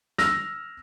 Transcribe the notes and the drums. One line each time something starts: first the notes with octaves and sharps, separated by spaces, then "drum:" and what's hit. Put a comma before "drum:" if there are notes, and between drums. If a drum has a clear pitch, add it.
E6 F6 A#6, drum: snare